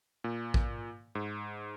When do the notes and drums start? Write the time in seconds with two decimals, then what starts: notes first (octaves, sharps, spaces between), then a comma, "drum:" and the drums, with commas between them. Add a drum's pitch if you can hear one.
0.24 A#2
0.54 drum: kick A1
1.15 G#2